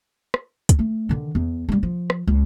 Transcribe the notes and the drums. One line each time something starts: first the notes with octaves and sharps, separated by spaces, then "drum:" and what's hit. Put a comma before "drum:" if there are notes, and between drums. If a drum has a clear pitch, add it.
drum: rim click
drum: kick, hi-hat
A3
D3 D#3
E2
G3 A3
F3
drum: rim click
C#2